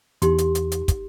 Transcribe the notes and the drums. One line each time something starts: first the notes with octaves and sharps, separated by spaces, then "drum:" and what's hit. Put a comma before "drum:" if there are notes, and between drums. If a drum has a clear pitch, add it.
E2 D#4 G4 C6, drum: hi-hat
drum: hi-hat
drum: hi-hat
drum: hi-hat
drum: kick, hi-hat